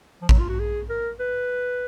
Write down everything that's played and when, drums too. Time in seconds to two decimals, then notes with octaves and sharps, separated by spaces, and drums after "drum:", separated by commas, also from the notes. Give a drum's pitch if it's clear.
0.22 F3
0.29 F#3, drum: kick A1
0.39 F4
0.49 F#4
0.59 G#4
0.89 A#4
1.20 B4